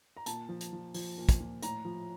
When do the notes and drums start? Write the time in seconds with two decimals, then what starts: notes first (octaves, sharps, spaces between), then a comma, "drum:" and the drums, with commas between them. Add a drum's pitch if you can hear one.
0.17 A#5
0.26 A#2 A5, drum: hi-hat
0.49 F3
0.61 drum: hi-hat
0.73 F3
0.94 F3, drum: open hi-hat
1.18 A#2
1.29 drum: kick, hi-hat
1.40 A#2
1.63 A2 A#5, drum: hi-hat
1.85 F3